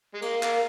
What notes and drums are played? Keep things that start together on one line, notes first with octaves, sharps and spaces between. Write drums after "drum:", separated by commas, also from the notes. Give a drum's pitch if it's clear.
G#3
A#3 F5, drum: cymbal
A#3, drum: clap